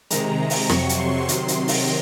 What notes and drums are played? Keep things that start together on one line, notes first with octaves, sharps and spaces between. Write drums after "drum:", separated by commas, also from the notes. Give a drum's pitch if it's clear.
C3 D#3 G#3 A#5, drum: hi-hat
drum: open hi-hat
F2 C3 F#3 C#6, drum: rim click
drum: hi-hat
C6
C3 D#3 F#3, drum: hi-hat
drum: hi-hat
drum: open hi-hat